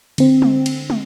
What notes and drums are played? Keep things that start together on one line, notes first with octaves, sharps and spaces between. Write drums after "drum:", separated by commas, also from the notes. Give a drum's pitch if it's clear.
D3 C4, drum: cymbal
drum: tom
drum: cymbal
drum: tom